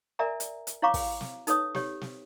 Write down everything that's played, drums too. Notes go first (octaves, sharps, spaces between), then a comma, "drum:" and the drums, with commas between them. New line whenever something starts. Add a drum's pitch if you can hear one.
A#4 D5 E5 G#5 A#5
drum: hi-hat
drum: hi-hat
E4 C#5 F5 A#5 C#6 D6
drum: kick, open hi-hat
drum: snare
D#4 A4 B4 C#5 D#6, drum: hi-hat
G4 C#5, drum: snare
drum: snare